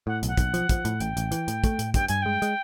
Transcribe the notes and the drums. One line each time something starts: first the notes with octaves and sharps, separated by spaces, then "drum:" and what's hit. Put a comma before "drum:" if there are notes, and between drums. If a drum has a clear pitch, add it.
A2 F#5
B1, drum: hi-hat
F#5
B1, drum: kick, hi-hat
F3, drum: hi-hat
F3, drum: kick, hi-hat
A2, drum: hi-hat
A1 G5, drum: hi-hat
A1, drum: hi-hat
E3, drum: hi-hat
A2, drum: hi-hat
A3, drum: kick, hi-hat
A2, drum: hi-hat
G2 G5, drum: kick, hi-hat
G2 G#5, drum: hi-hat
G#3 G5
G#3, drum: hi-hat